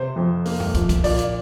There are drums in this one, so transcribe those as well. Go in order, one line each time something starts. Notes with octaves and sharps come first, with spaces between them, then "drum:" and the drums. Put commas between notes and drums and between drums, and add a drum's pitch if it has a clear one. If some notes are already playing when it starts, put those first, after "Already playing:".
Already playing: C3 C5
F2
A#3, drum: open hi-hat
drum: tom F#2
F3, drum: kick, hi-hat
drum: kick, hi-hat
A#2 D5, drum: open hi-hat
drum: hi-hat